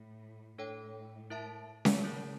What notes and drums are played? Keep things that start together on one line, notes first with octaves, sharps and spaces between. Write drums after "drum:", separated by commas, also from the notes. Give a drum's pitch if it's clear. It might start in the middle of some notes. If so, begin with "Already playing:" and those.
Already playing: A2
A2 D4 A4 C#5 G5
E4 A#4 E5 A5
drum: snare C#4
C#3 A3 E4 A#4